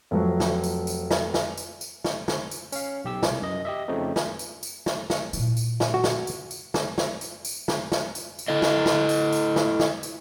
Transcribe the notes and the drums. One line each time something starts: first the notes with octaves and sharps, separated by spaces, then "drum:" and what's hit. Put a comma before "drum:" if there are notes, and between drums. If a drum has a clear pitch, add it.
F1 F3 F#3
drum: snare
drum: tambourine
drum: tambourine
drum: snare
drum: snare
drum: tambourine
drum: tambourine
drum: snare
drum: snare
drum: tambourine
C#4 F5, drum: tambourine
B1 G4 E6
C2, drum: snare
F#2 D#5
G4 D#5 E5
F2 C#3 F3 A3 C4 D#4
drum: snare
drum: tambourine
drum: tambourine
drum: snare
drum: snare
A#2 E4, drum: tambourine
drum: tambourine
drum: snare
F#4
drum: snare
drum: tambourine
drum: tambourine
drum: snare
drum: snare
drum: tambourine
drum: tambourine
drum: snare
drum: snare
drum: tambourine
drum: tambourine
E4 A4 D#5
drum: snare
drum: snare
drum: tambourine
drum: tambourine
drum: snare
drum: snare
drum: tambourine